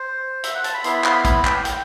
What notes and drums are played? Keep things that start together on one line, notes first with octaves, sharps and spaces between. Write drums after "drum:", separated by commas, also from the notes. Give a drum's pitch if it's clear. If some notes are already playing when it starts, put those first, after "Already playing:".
Already playing: C5
E5, drum: hi-hat
F#5
A5, drum: hi-hat
B5
B3 E4 C6, drum: hi-hat
B5
C6, drum: clap
B5
B5, drum: kick A#1, hi-hat
G5, drum: clap
G5, drum: hi-hat